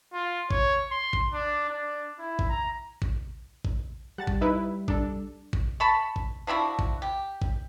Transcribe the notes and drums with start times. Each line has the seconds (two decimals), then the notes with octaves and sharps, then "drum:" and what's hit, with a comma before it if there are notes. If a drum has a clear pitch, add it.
0.13 F4
0.51 C#5, drum: kick A1
0.91 C6
1.13 drum: kick A1
1.33 D4
1.69 D4
2.19 E4
2.39 drum: kick A1
2.50 A#5
3.02 drum: kick A1
3.65 drum: kick A1
4.18 G3 F#5 A5 A6
4.27 drum: kick A1
4.41 D#4 E4 B4
4.88 D4 A4, drum: kick A1
5.53 drum: kick A1
5.80 A5 B5 C#6
6.16 drum: kick A1
6.47 F3 D4 E4 F#4
6.79 drum: kick A1
7.02 G4
7.42 drum: kick A1